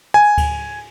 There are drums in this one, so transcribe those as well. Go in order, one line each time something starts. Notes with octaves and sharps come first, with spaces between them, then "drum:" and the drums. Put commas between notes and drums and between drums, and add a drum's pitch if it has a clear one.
G#5
drum: kick D2, cymbal